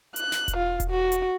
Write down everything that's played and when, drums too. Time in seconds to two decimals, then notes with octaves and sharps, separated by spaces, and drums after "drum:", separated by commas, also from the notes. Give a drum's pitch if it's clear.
0.16 F#6, drum: hi-hat
0.32 drum: snare
0.48 drum: kick E1, hi-hat
0.57 F4
0.80 drum: kick E1, hi-hat
0.90 F#4
1.12 drum: hi-hat